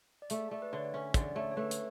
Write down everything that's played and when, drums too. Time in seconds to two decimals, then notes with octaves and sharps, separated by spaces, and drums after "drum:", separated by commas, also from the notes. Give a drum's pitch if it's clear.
0.22 D5
0.30 A3 E5, drum: hi-hat
0.51 A3 D5
0.62 B4
0.73 D3 C#5
0.94 C#4 E5
1.14 D3 D5, drum: kick, hi-hat
1.35 A3 C#5
1.51 C#5
1.57 A3 B4
1.71 drum: hi-hat